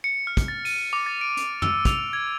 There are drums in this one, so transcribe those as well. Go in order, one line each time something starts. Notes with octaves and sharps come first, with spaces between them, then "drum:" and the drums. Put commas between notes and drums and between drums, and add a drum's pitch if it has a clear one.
C#7
F6
drum: kick, hi-hat
A6
D#7, drum: open hi-hat
D6
A6
D7
drum: hi-hat
E6, drum: tom
F7, drum: kick, hi-hat
G#6